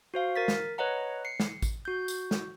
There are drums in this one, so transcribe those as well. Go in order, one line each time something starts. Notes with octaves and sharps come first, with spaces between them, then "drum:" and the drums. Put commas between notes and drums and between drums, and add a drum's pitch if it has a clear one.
F#4 C5 F5
A#4 A6 B6
drum: snare
B4 C#5 D#5 F#5 A#5
C7 C#7
drum: snare
drum: kick A1, tambourine
F#4 G6
drum: tambourine
drum: snare